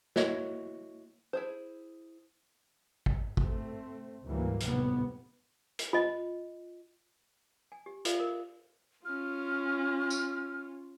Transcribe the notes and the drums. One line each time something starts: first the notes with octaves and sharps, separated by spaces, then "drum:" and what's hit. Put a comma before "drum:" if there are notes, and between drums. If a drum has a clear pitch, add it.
E4 F#4 C#5 D#5 E5, drum: snare
E4 G#4 C5
drum: kick
A3 C4, drum: kick
D2 G#2 E3 F#3 G3 A#3
F1 D#2 A2 G3 B3, drum: hi-hat
drum: hi-hat
F4 D#5
G#5
G4
F4 A4 D5 E5 F5, drum: hi-hat
A#4
C#4 F4 F6
drum: tambourine